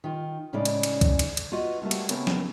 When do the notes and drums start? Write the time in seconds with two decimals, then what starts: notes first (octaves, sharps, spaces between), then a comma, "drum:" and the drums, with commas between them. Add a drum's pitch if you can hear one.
0.04 D#3 F4
0.53 A2 C#3 G#3 C#4 D#4 D5
0.65 drum: cymbal
0.83 drum: cymbal
1.01 drum: kick C2, cymbal
1.19 drum: cymbal
1.37 drum: cymbal
1.52 F4 F#4 B4 D#5
1.82 G3 A3 A#3 F#4
1.91 drum: cymbal
2.09 C#3 A3 B3 C4 A#4 C#5, drum: cymbal
2.27 drum: snare